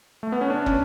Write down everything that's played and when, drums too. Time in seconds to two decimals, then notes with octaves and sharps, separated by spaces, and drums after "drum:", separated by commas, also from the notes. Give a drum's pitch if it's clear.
0.23 A3
0.32 B3
0.41 C#4
0.50 D4
0.66 C#4, drum: kick